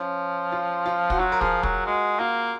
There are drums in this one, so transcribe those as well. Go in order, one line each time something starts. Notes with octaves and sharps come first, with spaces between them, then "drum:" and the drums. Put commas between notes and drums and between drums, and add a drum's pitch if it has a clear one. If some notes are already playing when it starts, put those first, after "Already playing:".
Already playing: F3 C#4
F4
F4
F#4, drum: kick
F#3 F4
A#4
F3 G#4, drum: kick
F#3 A#4, drum: kick
G#3 F#4
A#3 F4